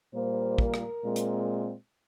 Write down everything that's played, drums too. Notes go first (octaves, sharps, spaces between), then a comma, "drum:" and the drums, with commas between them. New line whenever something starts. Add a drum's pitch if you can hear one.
A#2 G3 A#3 C5
A#4, drum: kick
drum: rim click
A#2 G#3 C4
drum: hi-hat